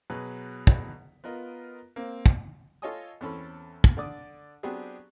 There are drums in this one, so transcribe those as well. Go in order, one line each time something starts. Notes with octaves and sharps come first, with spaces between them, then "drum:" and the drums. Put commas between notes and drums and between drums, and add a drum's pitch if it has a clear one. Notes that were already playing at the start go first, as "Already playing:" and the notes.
B2 F#3 G#4 B4
drum: kick
B3 F4 A#4 D#5
A#3 C4
drum: kick
F4 A4 C#5 D#5 G#5 D#6
E2 C4 C#4 A4 B5
drum: kick
D3 D5 D6 D#6
F#3 B3 C4 D4 G4 G#4